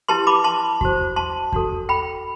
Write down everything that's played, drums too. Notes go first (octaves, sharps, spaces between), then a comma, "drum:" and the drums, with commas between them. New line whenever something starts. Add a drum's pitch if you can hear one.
E4 G4 B4 A5 C6
B5 D6
A5 C6
F#4 C5, drum: kick E2
A5 C6
D4 F#4 A4, drum: kick E2
G5 B5